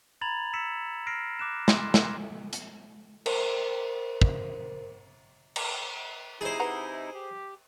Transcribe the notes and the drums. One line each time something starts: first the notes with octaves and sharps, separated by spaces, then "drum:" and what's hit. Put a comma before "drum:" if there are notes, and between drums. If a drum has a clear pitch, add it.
A#5 B5 G#6 A6 F7 F#7
E6 B6 C#7 E7
F6 A#6 C7 D7
D6 F#6 E7
C6, drum: snare
drum: snare
drum: hi-hat
A#4 C5, drum: cymbal
drum: kick
drum: cymbal
C3 D#4 E4 G#4 C5
B4 F#5 A#5
G4